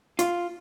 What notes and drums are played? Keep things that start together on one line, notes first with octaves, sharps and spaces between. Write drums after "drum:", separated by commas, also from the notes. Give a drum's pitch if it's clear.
F4, drum: hi-hat